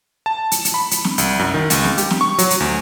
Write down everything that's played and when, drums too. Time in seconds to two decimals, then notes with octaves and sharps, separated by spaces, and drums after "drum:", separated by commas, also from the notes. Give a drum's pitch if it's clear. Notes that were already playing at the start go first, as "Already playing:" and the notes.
0.26 A5
0.51 drum: hi-hat
0.65 drum: hi-hat
0.74 B5
0.91 drum: hi-hat
1.05 drum: snare
1.18 C2, drum: hi-hat
1.39 F#2
1.54 D#3
1.70 C#2, drum: hi-hat
1.84 drum: snare
1.98 G4, drum: hi-hat
2.11 drum: snare
2.21 C#6
2.38 F#3, drum: hi-hat
2.50 drum: hi-hat
2.60 D2